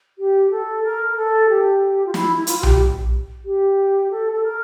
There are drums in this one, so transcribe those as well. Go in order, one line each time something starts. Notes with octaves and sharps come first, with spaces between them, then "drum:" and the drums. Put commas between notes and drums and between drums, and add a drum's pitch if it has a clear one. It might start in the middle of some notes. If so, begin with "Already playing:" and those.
G4
A4
A#4
A#4
A4
G4
F4
E4, drum: snare
E4
F4, drum: hi-hat
F4
G4, drum: tom B1
G4
A4
A4
A#4